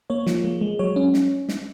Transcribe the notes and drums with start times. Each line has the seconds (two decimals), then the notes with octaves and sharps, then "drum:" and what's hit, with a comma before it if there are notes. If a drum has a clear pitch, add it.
0.10 A#3 C#5
0.26 F3, drum: snare
0.44 G#3
0.61 G#3
0.79 F#3 C#5
0.96 C#4
1.14 drum: snare
1.49 drum: snare